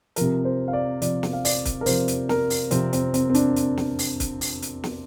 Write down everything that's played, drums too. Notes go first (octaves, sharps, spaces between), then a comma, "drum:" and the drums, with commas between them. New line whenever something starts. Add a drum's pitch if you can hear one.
C3 F3 A#4, drum: hi-hat
C5
F5
D5
C3 F3 D5, drum: hi-hat
drum: snare
F5
D5, drum: open hi-hat
drum: kick, hi-hat
A#4
C3 F3 C5, drum: open hi-hat
drum: hi-hat
A#4, drum: snare
drum: open hi-hat
C3 F3 C4, drum: hi-hat
C4, drum: hi-hat
C4, drum: hi-hat
C4
D4, drum: hi-hat
drum: hi-hat
drum: snare
drum: open hi-hat
drum: kick, hi-hat
drum: open hi-hat
drum: hi-hat
drum: snare